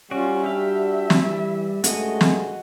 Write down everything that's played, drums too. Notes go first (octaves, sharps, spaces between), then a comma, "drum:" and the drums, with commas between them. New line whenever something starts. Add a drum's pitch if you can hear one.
G3 C#4 F4 F#4 D5
D4 F#4 G4 E5 F5
drum: snare
E3 G3
G2 C#3 G#3 A3 F#4 D#5, drum: hi-hat
drum: snare